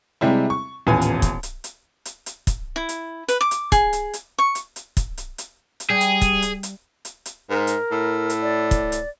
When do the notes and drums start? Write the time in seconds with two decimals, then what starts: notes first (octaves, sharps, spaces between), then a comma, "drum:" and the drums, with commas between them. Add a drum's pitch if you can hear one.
0.21 C3 G3 G#3 E4
0.50 C#6
0.87 D#1 A1 B3 F4 B4 G#5
1.01 drum: hi-hat
1.22 drum: kick, hi-hat
1.43 drum: hi-hat
1.64 drum: hi-hat
2.05 drum: hi-hat
2.26 drum: hi-hat
2.47 drum: kick, hi-hat
2.76 E4
2.89 drum: hi-hat
3.28 B4, drum: hi-hat
3.41 D6
3.51 drum: hi-hat
3.72 G#4, drum: kick, hi-hat
3.93 drum: hi-hat
4.13 drum: hi-hat
4.38 C#6
4.55 drum: hi-hat
4.76 drum: hi-hat
4.97 drum: kick, hi-hat
5.17 drum: hi-hat
5.38 drum: hi-hat
5.80 drum: hi-hat
5.90 G3 G#4
6.01 drum: hi-hat
6.22 drum: kick, hi-hat
6.42 drum: hi-hat
6.63 drum: hi-hat
7.05 drum: hi-hat
7.26 drum: hi-hat
7.50 G#2 A#4
7.67 drum: hi-hat
7.91 A2
8.30 drum: hi-hat
8.42 D5
8.71 drum: kick, hi-hat
8.92 drum: hi-hat